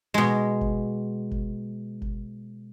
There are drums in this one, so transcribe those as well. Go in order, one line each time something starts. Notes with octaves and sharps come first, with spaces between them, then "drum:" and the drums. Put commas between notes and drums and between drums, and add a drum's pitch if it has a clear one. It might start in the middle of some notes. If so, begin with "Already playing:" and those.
B2 G#3
drum: kick F#1
drum: kick F#1
drum: kick F#1